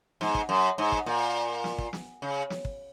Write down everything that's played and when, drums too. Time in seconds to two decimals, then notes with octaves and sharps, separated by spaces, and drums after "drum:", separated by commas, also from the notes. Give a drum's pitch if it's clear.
0.21 G#2, drum: snare
0.35 drum: kick
0.49 F#2
0.78 G#2
0.92 drum: kick
1.06 A#2
1.64 drum: snare
1.78 drum: kick
1.93 drum: snare
2.22 C#3
2.50 drum: snare
2.65 drum: kick